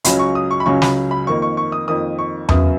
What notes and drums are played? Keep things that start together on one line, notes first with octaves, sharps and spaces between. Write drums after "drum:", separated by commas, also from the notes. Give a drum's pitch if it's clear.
C#2 C#3 F#3 C#4 B5, drum: hi-hat
C#6
D#6
C#6
B5
C#2 C#3 F#3 C#4 C#6
B5, drum: snare
B5
F2 D#3 A#3 C#6
C#6
C#6
D#6
F2 D#3 A#3 D#6
C#6
F#2 C#3 F#3 B3 D#6, drum: tom E2